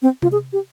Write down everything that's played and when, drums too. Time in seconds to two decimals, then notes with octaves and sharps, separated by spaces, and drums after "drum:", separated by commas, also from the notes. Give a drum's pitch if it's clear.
0.02 C4
0.22 F4, drum: tom C3
0.32 G#4
0.53 G4